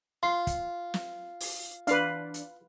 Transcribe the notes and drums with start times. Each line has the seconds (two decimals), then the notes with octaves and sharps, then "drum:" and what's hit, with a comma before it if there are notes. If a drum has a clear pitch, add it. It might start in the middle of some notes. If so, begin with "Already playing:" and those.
0.23 F4 C6
0.47 drum: kick, hi-hat
0.94 drum: snare
1.40 drum: open hi-hat
1.87 E3 D4 B4 D5 F5, drum: hi-hat
2.34 drum: hi-hat